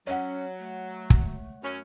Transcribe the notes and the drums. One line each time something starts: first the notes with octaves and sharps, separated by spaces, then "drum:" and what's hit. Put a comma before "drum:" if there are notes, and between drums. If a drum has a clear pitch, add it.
F#3 C#4 C#5 F#5
A3
drum: kick
F#2 C#4